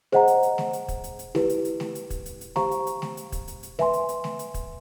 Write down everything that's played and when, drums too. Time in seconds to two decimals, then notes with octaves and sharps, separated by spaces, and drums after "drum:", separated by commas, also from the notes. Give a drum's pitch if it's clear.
0.12 G#4 C5 D#5 F#5 A#5, drum: snare A3
0.27 drum: hi-hat
0.43 drum: hi-hat
0.58 drum: snare A3
0.73 drum: hi-hat
0.88 drum: kick, hi-hat
1.04 drum: hi-hat
1.19 drum: hi-hat
1.35 E4 G4 B4, drum: snare A3
1.49 drum: hi-hat
1.65 drum: hi-hat
1.80 drum: snare A3
1.95 drum: hi-hat
2.10 drum: kick, hi-hat
2.26 drum: hi-hat
2.41 drum: hi-hat
2.56 G4 C5 F5 A#5 C#6, drum: snare A3
2.71 drum: hi-hat
2.87 drum: hi-hat
3.02 drum: snare A3
3.17 drum: hi-hat
3.32 drum: kick, hi-hat
3.48 drum: hi-hat
3.63 drum: hi-hat
3.79 B4 E5 G#5 C6, drum: snare A3
3.93 drum: hi-hat
4.09 drum: hi-hat
4.24 drum: snare A3
4.39 drum: hi-hat
4.54 drum: kick, hi-hat